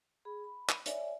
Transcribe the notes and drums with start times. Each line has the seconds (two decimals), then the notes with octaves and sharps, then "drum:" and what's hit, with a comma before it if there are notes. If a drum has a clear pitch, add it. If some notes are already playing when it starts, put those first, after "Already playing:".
0.25 G#4 B5
0.44 B5
0.69 drum: clap
0.86 C#5 D5 E5 G#5, drum: hi-hat